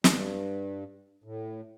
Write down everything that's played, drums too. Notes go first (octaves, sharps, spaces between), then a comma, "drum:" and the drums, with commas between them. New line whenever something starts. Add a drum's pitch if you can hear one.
G2, drum: snare
A2